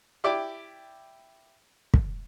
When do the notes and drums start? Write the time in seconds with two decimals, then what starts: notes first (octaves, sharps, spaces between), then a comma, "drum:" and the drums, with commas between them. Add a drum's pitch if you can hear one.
0.24 E4 G4 D5
1.94 drum: kick